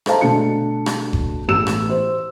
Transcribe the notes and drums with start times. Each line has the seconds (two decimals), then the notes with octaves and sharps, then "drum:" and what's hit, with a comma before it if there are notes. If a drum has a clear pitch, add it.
0.06 A4 C5 D#5 F5 A5 A#5, drum: rim click
0.21 B2 D3 A3 D4 A5 C#7
0.86 drum: rim click
1.13 drum: kick F#1
1.48 A1 A2 B3 G4 E6 E7
1.67 drum: rim click
1.90 C5